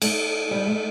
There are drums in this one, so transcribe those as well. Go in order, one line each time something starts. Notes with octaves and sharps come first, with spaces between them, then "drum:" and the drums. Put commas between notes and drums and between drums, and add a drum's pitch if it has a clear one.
A3, drum: cymbal
G3
A3